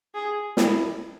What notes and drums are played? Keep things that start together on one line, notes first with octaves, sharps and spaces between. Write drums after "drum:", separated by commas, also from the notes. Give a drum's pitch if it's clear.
G#4
E4, drum: snare